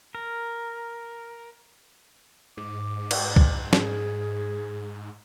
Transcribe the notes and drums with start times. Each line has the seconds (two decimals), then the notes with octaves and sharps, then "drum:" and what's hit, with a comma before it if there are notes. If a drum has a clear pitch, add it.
0.15 A#4
2.57 G#2 D6
3.11 drum: cymbal
3.36 drum: kick C2
3.73 G#4, drum: snare